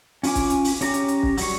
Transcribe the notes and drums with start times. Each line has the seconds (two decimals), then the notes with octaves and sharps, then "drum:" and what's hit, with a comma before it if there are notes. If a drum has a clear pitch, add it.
0.23 C#4 F4 G#5 D6, drum: open hi-hat
0.35 drum: kick, hi-hat
0.50 drum: hi-hat
0.64 drum: open hi-hat
0.81 C#4 G4 A#5 D6, drum: hi-hat
0.94 drum: hi-hat
1.08 drum: hi-hat
1.23 drum: kick
1.37 F#3 G3 C#6, drum: open hi-hat